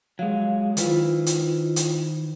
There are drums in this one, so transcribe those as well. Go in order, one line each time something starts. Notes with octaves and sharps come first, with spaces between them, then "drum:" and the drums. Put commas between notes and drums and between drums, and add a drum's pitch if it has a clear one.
F#3 G#3 F5
D#3 E4 F4 B4 C5, drum: hi-hat
drum: hi-hat
drum: hi-hat